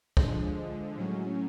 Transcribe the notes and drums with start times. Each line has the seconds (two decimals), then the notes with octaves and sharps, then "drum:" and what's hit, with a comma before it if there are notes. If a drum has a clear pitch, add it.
0.17 D3 F3 G#3, drum: kick
0.96 A2 F#3 C#4